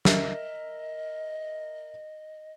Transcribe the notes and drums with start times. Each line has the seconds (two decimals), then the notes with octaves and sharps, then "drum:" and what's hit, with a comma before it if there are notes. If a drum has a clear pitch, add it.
0.05 A#4 D#5 E5, drum: snare